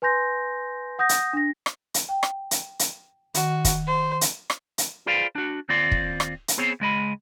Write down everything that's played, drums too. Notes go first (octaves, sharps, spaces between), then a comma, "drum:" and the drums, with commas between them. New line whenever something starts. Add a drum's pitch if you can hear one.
B4 G#5 C6 G6 A#6
F#5 D#6 G6 A#6
drum: hi-hat
D4 A#6
drum: rim click
drum: hi-hat
G5
drum: rim click
drum: hi-hat
drum: hi-hat
D#3 F#4, drum: hi-hat
drum: kick, hi-hat
C5
drum: hi-hat
drum: rim click
drum: hi-hat
F4 G#4 B4 C5 D5 F5
D4 F#4
D#2 C4 F4 D5 C6
drum: kick
drum: rim click
drum: hi-hat
B3 C4 G#4 C5 C#5
C#2 G#3 D#5 B5